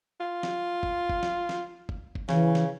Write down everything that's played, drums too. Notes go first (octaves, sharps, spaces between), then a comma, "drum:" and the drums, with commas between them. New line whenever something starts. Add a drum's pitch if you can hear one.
F4
drum: snare
drum: kick
drum: kick
drum: snare
drum: snare
drum: kick
drum: kick
C#3 E3, drum: snare
drum: snare